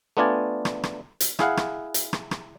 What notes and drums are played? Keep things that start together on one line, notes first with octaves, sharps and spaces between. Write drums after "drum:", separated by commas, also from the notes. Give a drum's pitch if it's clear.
A3 B3 D4 F4 D5 G#5
drum: rim click
drum: rim click
drum: hi-hat
E4 G#4 F5 F#5, drum: rim click
drum: rim click
drum: hi-hat
drum: rim click
drum: rim click